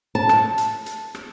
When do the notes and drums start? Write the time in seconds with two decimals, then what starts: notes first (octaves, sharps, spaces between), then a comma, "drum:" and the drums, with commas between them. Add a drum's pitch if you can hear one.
0.15 A5
0.29 drum: rim click
0.58 drum: hi-hat
0.86 drum: hi-hat
1.15 drum: rim click